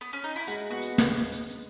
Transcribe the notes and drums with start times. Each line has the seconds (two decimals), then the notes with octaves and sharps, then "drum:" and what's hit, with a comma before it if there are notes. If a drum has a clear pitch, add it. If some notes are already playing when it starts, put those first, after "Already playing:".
0.01 B3
0.13 C#4
0.24 D#4
0.36 E4
0.47 G#3 F#4, drum: hi-hat
0.70 B3 F#4
0.81 drum: hi-hat
0.98 drum: snare
1.15 drum: open hi-hat
1.32 drum: hi-hat
1.49 drum: hi-hat